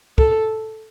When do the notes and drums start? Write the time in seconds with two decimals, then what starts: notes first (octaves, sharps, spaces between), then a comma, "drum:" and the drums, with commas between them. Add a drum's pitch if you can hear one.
0.18 A4, drum: kick